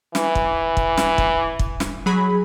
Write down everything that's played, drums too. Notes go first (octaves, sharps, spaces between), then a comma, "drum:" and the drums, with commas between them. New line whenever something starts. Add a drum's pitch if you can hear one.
E3, drum: snare
drum: kick
drum: kick
drum: snare
drum: kick
drum: kick
drum: snare
F#3 G#4 B5